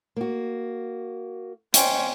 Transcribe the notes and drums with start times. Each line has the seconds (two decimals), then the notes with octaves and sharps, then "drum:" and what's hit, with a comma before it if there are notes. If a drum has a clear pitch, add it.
0.16 A#3 F#4
1.74 C#4 C5 G5, drum: hi-hat